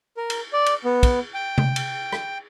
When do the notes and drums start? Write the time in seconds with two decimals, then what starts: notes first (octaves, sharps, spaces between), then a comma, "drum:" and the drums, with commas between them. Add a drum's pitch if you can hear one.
0.17 A#4
0.30 drum: cymbal
0.53 D5
0.66 drum: cymbal
0.85 B3
1.03 drum: kick, cymbal
1.34 G5
1.58 drum: tom C3
1.76 drum: cymbal
2.13 drum: rim click